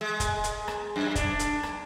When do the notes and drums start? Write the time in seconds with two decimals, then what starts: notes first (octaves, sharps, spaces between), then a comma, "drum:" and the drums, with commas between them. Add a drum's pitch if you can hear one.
0.01 G#3
0.20 drum: kick, hi-hat
0.44 drum: hi-hat
0.68 drum: rim click
0.96 F#2
1.15 D4, drum: kick, hi-hat
1.39 drum: hi-hat
1.63 drum: rim click